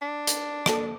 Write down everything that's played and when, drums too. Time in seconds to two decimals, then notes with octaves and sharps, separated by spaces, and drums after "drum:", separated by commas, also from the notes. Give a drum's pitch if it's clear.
0.02 D4
0.27 drum: hi-hat
0.66 A#3 A4, drum: rim click